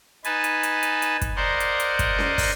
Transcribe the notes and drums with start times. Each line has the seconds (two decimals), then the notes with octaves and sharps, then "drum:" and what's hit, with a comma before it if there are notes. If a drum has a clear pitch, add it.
0.25 D#4 B4 G#5 A5, drum: hi-hat
0.44 drum: hi-hat
0.63 drum: hi-hat
0.83 drum: hi-hat
1.02 drum: hi-hat
1.21 drum: kick, hi-hat
1.36 A#4 C5 D5 D#5 F#5
1.60 drum: hi-hat
1.80 drum: hi-hat
1.99 drum: kick, hi-hat
2.18 drum: snare C#4
2.38 drum: kick, open hi-hat